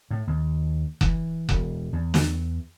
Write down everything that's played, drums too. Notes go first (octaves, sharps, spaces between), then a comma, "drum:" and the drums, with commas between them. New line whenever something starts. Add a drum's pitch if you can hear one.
A2
D#2
E3, drum: kick F1
E1, drum: kick F1
E2
drum: snare